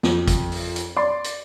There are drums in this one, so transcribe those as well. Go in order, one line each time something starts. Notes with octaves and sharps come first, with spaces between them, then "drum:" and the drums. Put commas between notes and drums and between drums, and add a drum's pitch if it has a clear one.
F2, drum: snare
drum: kick, hi-hat
drum: open hi-hat
drum: hi-hat
D5 C6
drum: hi-hat